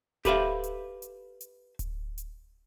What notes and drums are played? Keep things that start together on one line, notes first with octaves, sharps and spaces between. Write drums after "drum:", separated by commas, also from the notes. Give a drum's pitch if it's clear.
G4 A4 B4 C5 E5 F5, drum: kick D1, hi-hat
drum: hi-hat
drum: hi-hat
drum: hi-hat
drum: kick D1, hi-hat
drum: hi-hat